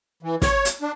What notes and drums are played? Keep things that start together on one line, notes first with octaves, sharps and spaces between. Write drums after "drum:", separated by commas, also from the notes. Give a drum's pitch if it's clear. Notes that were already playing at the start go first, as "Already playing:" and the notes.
E3
C#5, drum: snare
drum: hi-hat
D4